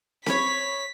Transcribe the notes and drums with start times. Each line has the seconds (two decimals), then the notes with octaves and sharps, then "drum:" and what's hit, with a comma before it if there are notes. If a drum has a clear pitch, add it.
0.26 C#5 B5 B6, drum: snare C4